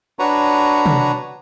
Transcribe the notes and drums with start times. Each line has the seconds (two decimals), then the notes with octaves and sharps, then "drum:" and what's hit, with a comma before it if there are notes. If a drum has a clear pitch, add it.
0.19 D4 F#4 B4 C#5 A#5
0.86 drum: tom